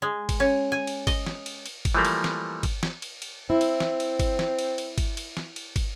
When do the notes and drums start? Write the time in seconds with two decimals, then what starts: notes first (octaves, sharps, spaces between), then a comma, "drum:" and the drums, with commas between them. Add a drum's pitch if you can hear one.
0.02 G#3
0.29 drum: kick, cymbal
0.40 C#4
0.72 G#5
0.87 drum: cymbal
1.07 D#5, drum: kick, cymbal
1.26 drum: snare
1.46 drum: cymbal
1.66 drum: cymbal
1.85 drum: kick, cymbal
1.95 E3 F3 G3 A3 A#3
2.05 drum: cymbal
2.24 drum: snare
2.63 drum: kick, cymbal
2.83 drum: snare
3.02 drum: cymbal
3.22 drum: cymbal
3.50 C4 E4
3.61 drum: cymbal
3.80 drum: snare
4.00 drum: cymbal
4.19 drum: kick, cymbal
4.39 drum: snare
4.59 drum: cymbal
4.78 drum: cymbal
4.98 drum: kick, cymbal
5.17 drum: cymbal
5.37 drum: snare
5.56 drum: cymbal
5.76 drum: kick, cymbal